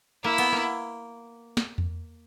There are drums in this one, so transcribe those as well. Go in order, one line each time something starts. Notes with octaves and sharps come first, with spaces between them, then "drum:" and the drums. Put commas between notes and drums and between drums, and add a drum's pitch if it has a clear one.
A#3 E4
B3, drum: cymbal
A#3
drum: snare
drum: tom E2